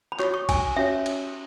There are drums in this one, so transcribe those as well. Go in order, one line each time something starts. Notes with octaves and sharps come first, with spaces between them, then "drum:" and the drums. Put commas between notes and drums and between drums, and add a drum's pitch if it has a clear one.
B5
F#4 C#5 C#6, drum: clap
C#6
G#5, drum: kick A1, cymbal
C#4 F#4 C#5 E5
drum: cymbal